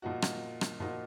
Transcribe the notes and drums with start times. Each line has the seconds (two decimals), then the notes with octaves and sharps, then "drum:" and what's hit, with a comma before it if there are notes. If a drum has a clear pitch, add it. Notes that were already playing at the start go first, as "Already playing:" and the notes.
0.02 A#2 F3 A#3 D#4 F#4
0.22 drum: rim click
0.61 drum: rim click
0.80 A#2 F3 A#3 D#4 F#4